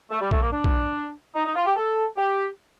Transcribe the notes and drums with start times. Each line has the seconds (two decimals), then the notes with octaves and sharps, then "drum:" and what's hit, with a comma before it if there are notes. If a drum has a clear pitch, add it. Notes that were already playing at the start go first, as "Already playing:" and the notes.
0.11 A3
0.21 G3
0.31 A3, drum: kick
0.42 A#3
0.52 D4
0.64 drum: kick
1.35 D#4
1.45 D#4
1.55 F4
1.66 G4
1.76 A4
2.17 G4